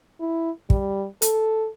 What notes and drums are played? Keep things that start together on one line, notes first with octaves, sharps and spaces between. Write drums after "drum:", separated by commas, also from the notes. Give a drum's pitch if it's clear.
E4
G3, drum: kick
A4, drum: hi-hat